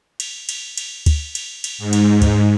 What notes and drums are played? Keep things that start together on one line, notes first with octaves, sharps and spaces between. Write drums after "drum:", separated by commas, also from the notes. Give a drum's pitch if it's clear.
drum: cymbal
drum: cymbal
drum: cymbal
drum: kick, cymbal
drum: cymbal
drum: cymbal
G#2
drum: cymbal
drum: kick, cymbal